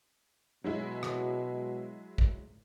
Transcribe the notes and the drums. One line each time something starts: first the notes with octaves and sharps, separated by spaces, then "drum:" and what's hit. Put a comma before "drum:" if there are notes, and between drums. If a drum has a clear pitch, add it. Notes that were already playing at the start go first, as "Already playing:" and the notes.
B2 F#3 G#3 E4
drum: rim click
drum: kick